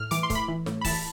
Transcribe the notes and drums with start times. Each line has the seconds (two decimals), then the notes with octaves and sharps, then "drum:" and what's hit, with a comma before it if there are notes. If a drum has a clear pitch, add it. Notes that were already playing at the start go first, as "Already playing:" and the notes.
Already playing: A2 F6
0.11 E3 D6, drum: hi-hat
0.23 C6
0.30 A2, drum: kick C#1, hi-hat
0.35 B5
0.48 E3
0.66 A2, drum: snare
0.81 B5
0.84 E3 A5, drum: kick C#1, open hi-hat